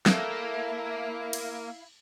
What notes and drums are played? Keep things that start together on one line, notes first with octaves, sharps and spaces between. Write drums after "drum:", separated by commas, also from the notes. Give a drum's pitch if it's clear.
G3 A3 A#3 E4 F5, drum: snare
drum: cymbal